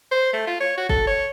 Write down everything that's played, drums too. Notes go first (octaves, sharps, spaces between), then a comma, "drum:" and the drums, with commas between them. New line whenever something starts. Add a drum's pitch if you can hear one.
C5
A3
F4
C#5
F#4
A4, drum: kick
C#5